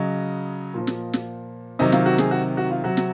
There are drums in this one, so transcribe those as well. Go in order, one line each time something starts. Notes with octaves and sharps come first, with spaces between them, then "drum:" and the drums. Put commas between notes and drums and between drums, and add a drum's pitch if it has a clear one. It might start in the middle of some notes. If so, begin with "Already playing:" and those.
Already playing: C#3 F#3 D#5
A#2 F3
drum: snare
drum: snare
C3 D#3 F#3 D#5
F4, drum: snare
F#4
G#4, drum: snare
F#4
F#4
F4
C3 F#3 F#4
drum: snare